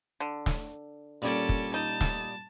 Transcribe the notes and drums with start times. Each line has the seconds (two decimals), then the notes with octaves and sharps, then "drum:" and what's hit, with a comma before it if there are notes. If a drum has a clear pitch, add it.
0.20 D3
0.46 drum: snare
1.22 A#2 G3 C#4 A4 D5
1.49 drum: kick
1.74 D#4 A5
2.01 drum: snare